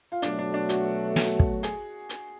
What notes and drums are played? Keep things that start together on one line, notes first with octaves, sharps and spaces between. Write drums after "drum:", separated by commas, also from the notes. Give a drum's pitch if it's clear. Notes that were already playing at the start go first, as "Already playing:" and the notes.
F4
B2 F#3 A3 D4, drum: hi-hat
D4
D4
F#4, drum: hi-hat
drum: snare
drum: kick
G#4, drum: hi-hat
drum: hi-hat